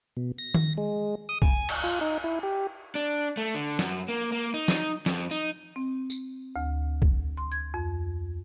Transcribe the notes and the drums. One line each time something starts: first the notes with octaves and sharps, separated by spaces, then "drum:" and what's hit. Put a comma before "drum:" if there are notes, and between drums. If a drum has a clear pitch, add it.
B2
A#6
drum: tom D#3
G#3
D#6
G#5, drum: kick B1
drum: cymbal
F4
D#4
E4
G4
D4
A3
D3
F#2, drum: snare
A#3
A#3
D#4
drum: snare
F2, drum: snare
D#4, drum: tambourine
C4
drum: tambourine
D2
drum: kick B1
C6
G#6
F2